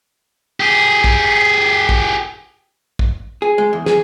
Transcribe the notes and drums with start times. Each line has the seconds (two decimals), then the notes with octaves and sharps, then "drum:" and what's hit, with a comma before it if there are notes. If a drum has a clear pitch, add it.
0.60 G4 G#4
1.04 drum: kick
1.89 drum: kick
2.99 drum: kick
3.42 G#4
3.58 G#3
3.73 E2
3.86 G#4, drum: snare